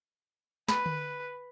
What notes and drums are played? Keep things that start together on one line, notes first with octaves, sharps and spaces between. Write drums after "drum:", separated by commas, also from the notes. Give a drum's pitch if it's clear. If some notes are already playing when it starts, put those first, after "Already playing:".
B4 B5, drum: snare
drum: tom D3